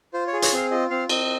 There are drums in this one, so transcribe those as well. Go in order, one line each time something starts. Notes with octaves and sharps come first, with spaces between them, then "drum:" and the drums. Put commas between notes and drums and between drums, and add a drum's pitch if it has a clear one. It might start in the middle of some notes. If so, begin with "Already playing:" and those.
F4 C5
C#5
G#4
C#5, drum: hi-hat
C4 F5
F4 D#5
C4 F5
C4 D#5, drum: cymbal